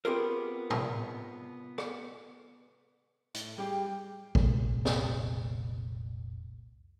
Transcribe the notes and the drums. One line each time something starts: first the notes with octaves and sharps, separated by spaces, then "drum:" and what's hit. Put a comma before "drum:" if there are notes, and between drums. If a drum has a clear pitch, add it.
B3 C4 F4 G4 G#4 A#4
drum: tom
drum: rim click
A2, drum: hi-hat
G3 G4 G#4 G5
F1 C2 A#2 G#3, drum: kick
drum: snare